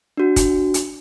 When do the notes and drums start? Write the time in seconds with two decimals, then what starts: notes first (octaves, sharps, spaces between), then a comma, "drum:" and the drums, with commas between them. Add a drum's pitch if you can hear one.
0.17 D4 F#4
0.36 drum: kick, hi-hat
0.74 drum: hi-hat